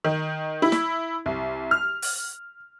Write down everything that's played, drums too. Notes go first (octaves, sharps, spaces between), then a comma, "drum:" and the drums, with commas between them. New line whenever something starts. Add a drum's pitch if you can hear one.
D#3
E4
drum: snare
C2
F6
drum: open hi-hat